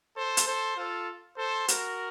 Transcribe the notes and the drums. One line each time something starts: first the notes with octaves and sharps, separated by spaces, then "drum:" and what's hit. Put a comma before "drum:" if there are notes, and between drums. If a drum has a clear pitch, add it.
A4 C5
drum: hi-hat
A4 C5
F4 A4
A4 C5
F#4 A#4, drum: hi-hat